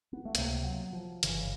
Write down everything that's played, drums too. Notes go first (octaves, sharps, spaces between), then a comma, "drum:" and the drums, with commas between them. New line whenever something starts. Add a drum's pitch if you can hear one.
B3
A3
C#2 C3 A#3, drum: hi-hat
F#3
F3
G1 F#2 C#3 E3, drum: hi-hat